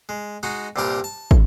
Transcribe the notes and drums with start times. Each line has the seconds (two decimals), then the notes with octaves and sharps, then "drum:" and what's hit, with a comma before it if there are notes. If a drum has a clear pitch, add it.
0.09 G#3
0.43 G#3 D#4 F#4
0.76 C2 G2 A#2 G3 G4 A#4
1.04 A5
1.31 drum: kick